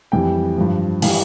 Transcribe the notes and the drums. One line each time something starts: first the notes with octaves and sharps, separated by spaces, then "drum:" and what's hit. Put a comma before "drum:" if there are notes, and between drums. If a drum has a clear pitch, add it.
F2 E3 G3 G5
G2 F3
E3 G3 F5, drum: open hi-hat